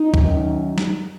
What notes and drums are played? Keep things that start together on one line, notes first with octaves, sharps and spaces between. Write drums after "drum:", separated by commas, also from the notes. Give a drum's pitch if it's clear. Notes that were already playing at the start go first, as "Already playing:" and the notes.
Already playing: D#4
F#2 D#3, drum: kick
drum: snare